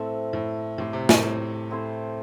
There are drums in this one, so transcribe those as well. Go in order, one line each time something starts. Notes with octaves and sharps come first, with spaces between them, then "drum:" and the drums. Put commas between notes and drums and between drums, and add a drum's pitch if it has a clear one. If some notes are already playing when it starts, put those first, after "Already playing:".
Already playing: A2 C4 E4 A4 E5
A2
A2 C4 G4 C5
C3
A2, drum: snare
A2
C4 E4 A4 C5